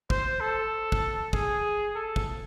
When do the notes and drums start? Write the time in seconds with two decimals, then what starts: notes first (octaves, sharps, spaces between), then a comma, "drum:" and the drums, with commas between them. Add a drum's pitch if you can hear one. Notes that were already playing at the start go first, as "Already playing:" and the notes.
0.10 C5, drum: kick
0.40 A4
0.92 drum: kick
1.33 G#4, drum: kick
1.95 A4
2.16 drum: kick